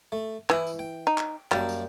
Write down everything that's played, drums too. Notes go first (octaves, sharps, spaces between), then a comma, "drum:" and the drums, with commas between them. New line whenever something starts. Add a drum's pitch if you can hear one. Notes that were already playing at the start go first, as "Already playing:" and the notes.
A3
E3 E4 D#6, drum: clap
drum: tambourine
G5
D#4
drum: clap
F#2 G3 A#3 A5, drum: clap
drum: tambourine